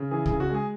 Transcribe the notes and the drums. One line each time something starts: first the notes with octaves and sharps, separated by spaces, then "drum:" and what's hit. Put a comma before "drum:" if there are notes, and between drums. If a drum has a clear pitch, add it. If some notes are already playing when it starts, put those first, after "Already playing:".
Already playing: C#3
E3 G#4
G#4, drum: kick
C#3
F#4
G#3 G#4